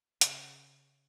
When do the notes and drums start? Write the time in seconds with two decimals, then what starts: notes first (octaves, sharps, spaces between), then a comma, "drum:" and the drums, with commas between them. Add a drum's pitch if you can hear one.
0.21 C#3, drum: hi-hat